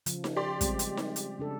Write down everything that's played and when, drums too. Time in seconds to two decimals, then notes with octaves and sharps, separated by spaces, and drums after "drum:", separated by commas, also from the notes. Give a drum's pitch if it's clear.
0.06 C#3 F3, drum: hi-hat
0.24 drum: snare D#4
0.37 G4 D5 C6
0.61 G3 G#3 C4, drum: kick, hi-hat
0.79 drum: hi-hat
0.97 drum: snare D#4
1.16 drum: hi-hat
1.39 C#3 D4 A4